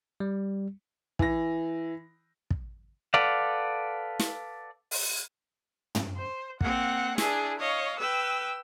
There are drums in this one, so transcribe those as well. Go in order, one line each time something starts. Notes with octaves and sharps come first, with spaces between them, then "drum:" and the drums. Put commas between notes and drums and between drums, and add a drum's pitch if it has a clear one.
G3
E3 A#6, drum: kick
drum: kick
A4 B4 D5 F5 F#5
drum: snare
drum: open hi-hat
drum: tom
C5
A#3 C4 F#5, drum: kick
D4 E4 G#4, drum: snare
C#5 D#5 F5
B4 G5 E6